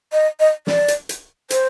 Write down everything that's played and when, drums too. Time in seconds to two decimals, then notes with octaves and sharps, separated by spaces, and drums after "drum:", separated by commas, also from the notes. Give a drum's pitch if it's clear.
0.12 D#5
0.40 D#5
0.67 D5, drum: snare
0.88 drum: hi-hat
1.09 drum: hi-hat
1.50 C5, drum: hi-hat